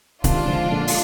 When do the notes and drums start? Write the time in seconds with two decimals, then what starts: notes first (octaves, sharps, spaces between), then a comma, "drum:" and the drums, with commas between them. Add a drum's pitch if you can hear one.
0.24 C3 D#3 G#3 D4 F4, drum: kick C#1, hi-hat
0.48 D3 F3
0.71 A#2 D3
0.87 drum: open hi-hat